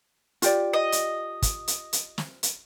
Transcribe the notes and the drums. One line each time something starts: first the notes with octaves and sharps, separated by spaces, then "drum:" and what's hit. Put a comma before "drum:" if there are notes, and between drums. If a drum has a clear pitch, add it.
F4 G4 D5, drum: hi-hat
D#5
drum: hi-hat
drum: kick, hi-hat
drum: hi-hat
drum: hi-hat
drum: snare
drum: hi-hat